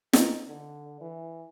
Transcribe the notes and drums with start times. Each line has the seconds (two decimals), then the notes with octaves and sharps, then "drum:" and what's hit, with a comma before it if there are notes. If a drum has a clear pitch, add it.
0.13 D#4, drum: snare
0.48 D3
1.01 E3